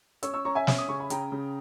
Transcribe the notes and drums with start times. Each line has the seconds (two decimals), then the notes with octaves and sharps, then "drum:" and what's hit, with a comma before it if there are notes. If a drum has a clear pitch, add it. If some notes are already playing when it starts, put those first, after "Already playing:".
0.23 C#4 C#6 E6, drum: hi-hat
0.34 C#6 E6
0.45 C#4 A#5 C#6
0.55 E5 G#5
0.67 C#4, drum: snare
0.78 D#6
0.88 C#3 C#6
1.00 B5
1.10 C#3 G5 A#5, drum: hi-hat
1.32 C#3